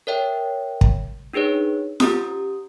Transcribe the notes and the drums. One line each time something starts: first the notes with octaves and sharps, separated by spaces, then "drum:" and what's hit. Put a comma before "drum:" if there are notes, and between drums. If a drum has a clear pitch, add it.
A#4 C#5 E5 G5
drum: kick
D4 D#4 G#4 B4 C#5
C#4 G4 A#5 D#6, drum: snare F4